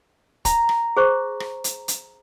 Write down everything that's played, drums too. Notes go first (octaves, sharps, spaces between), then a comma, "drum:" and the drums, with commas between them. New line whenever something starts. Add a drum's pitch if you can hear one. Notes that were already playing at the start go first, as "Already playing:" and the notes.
A#5, drum: kick, hi-hat
drum: rim click
G#4 C5 C#6
drum: rim click
drum: hi-hat
drum: hi-hat